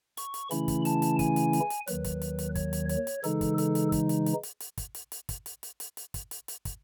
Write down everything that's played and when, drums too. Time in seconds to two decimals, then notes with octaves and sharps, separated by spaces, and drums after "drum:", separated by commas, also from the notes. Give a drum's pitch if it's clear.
0.17 C#6, drum: hi-hat
0.34 drum: hi-hat
0.51 C#3 E3 A3 C#4 E4 B5, drum: hi-hat
0.68 drum: kick, hi-hat
0.85 A5, drum: hi-hat
1.02 drum: hi-hat
1.19 G#5, drum: kick, hi-hat
1.36 drum: hi-hat
1.53 drum: hi-hat
1.70 drum: hi-hat
1.87 D#2 D#3 F#3 B4, drum: hi-hat
2.04 drum: kick, hi-hat
2.21 drum: hi-hat
2.39 drum: hi-hat
2.55 C#5, drum: kick, hi-hat
2.73 drum: hi-hat
2.89 C#5, drum: hi-hat
3.07 drum: hi-hat
3.24 C#3 E3 G#3 D#4 A4, drum: hi-hat
3.41 drum: kick, hi-hat
3.58 A4, drum: hi-hat
3.75 drum: hi-hat
3.92 drum: kick, hi-hat
4.09 drum: hi-hat
4.26 drum: hi-hat
4.43 drum: hi-hat
4.60 drum: hi-hat
4.77 drum: kick, hi-hat
4.95 drum: hi-hat
5.12 drum: hi-hat
5.29 drum: kick, hi-hat
5.46 drum: hi-hat
5.63 drum: hi-hat
5.80 drum: hi-hat
5.97 drum: hi-hat
6.14 drum: kick, hi-hat
6.31 drum: hi-hat
6.48 drum: hi-hat
6.65 drum: kick, hi-hat